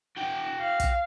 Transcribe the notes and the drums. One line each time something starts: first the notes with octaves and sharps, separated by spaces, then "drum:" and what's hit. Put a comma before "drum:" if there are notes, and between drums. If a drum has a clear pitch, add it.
F#4 G5
F5
drum: kick, hi-hat